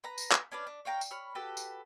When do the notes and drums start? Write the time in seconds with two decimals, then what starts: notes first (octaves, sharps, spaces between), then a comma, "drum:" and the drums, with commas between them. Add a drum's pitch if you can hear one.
0.04 B4 A#5
0.18 drum: tambourine
0.32 drum: clap
0.52 C#4 D4 B4 D5
0.67 D4
0.85 C#5 F5 G5 A#5
1.01 drum: tambourine
1.11 C#5 B5 F6
1.35 F#4 G4 A4 B4
1.57 drum: tambourine